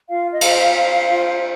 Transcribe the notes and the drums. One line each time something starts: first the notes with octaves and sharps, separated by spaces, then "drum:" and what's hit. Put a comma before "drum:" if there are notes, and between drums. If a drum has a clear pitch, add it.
F4 F5
D#5
C5, drum: cymbal
F5
C5
F4